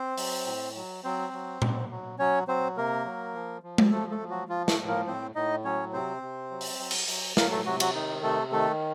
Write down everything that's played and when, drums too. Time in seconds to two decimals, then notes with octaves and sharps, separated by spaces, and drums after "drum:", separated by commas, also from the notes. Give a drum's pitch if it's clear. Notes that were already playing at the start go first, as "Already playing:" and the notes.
Already playing: C4 C5
0.18 F#3, drum: open hi-hat
0.46 A2
0.75 F#3
1.04 F#3 C4 C5
1.33 F#3
1.62 F#3, drum: tom A#2
1.91 F#3
2.19 F#3 C#4 C#5
2.48 F#3 C4 C5
2.77 C3 A#3 A#4
3.05 F#3
3.34 F3
3.63 F3
3.78 drum: tom G#3
3.91 F3 A3 A4
4.11 A3 A4
4.20 F3
4.30 F#3 F#4
4.49 F3 F4
4.68 A3 A4, drum: snare
4.78 A2
4.88 A#3 A#4
5.07 A2 C4 C5
5.35 A2 D#4 D#5
5.64 F#3 C#4 C#5
5.93 C3 C4 C5
6.22 C3
6.51 F#3
6.61 drum: open hi-hat
6.79 F#3
6.91 drum: cymbal
7.08 F#3, drum: open hi-hat
7.37 F#3 A#3 A#4, drum: snare
7.51 A3 A4
7.66 C3 F#3 F#4
7.80 F#3 F#4, drum: cymbal
7.94 D#3 D#4
8.23 C3 A3 A4
8.52 D#3 A3 A4